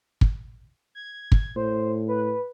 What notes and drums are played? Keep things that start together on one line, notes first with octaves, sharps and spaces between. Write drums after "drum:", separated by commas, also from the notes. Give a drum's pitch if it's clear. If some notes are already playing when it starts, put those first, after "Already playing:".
drum: kick
G#6
drum: kick
A2 C5
B4